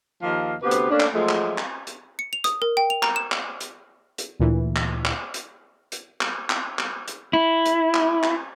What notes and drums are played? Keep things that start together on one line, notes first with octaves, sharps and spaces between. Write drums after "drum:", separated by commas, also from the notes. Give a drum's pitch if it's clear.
D#2 F3 A#3 D#5 F5
D2 C3 B3 G4 B4 C5
drum: hi-hat
A3 A#3 C#4 D4
drum: clap
F3 F#3 G#3 A3
drum: clap
drum: clap
drum: hi-hat
C#7
F7
D#6, drum: hi-hat
A#4
G5
F7
A#5, drum: clap
E7
drum: clap
drum: hi-hat
drum: hi-hat
D2 A#2 E3
drum: clap
drum: clap
drum: hi-hat
drum: hi-hat
drum: clap
drum: clap
drum: clap
drum: hi-hat
E4
drum: hi-hat
drum: clap
drum: clap